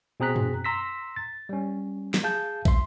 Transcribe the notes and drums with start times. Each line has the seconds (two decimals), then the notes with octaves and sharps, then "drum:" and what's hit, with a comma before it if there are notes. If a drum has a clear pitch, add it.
0.20 B2 C4 G#4 A#5 F#6 B6
0.36 drum: tom
0.64 A#5 C6 E6 A#6 B6
1.16 A6
1.49 G3 C#4
2.14 drum: snare
2.23 G#4 F5 A5 G6
2.65 E5 C6, drum: kick